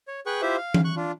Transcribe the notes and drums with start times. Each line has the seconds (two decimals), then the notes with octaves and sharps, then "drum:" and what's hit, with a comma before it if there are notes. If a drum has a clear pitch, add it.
0.08 C#5
0.26 G#4 B4 G5 C#6 F#6
0.42 E4 F4 G4 C5 E5
0.57 F5
0.74 drum: tom E3
0.85 C#6 F#6
0.96 D4 F4